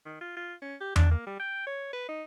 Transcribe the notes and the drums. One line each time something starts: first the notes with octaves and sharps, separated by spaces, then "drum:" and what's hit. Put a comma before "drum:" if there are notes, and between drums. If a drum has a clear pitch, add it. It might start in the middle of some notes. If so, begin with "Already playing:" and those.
D#3
F4
F4
C#4
G4
D4, drum: tom E2
A#3
G3
G5
C#5
B4
D#4